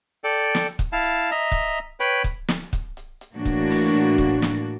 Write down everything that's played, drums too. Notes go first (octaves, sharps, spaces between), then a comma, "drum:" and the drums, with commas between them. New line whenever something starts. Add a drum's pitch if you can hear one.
A4 D5 G5
drum: snare
drum: kick, hi-hat
E4 F5 A5
drum: hi-hat
D#5 E5 A#5
drum: kick, hi-hat
B4 C#5 G5 B5, drum: hi-hat
drum: kick, hi-hat
drum: snare
drum: kick, hi-hat
drum: hi-hat
drum: hi-hat
A2 E3 A#3 D4 F#4
drum: kick, hi-hat
drum: open hi-hat
drum: hi-hat
drum: kick, hi-hat
drum: snare